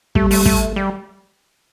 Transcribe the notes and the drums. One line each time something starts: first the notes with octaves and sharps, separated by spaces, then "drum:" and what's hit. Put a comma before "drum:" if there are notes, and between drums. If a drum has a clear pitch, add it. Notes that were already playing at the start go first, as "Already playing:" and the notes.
G3 A3, drum: kick
A3, drum: open hi-hat
A3, drum: kick
G3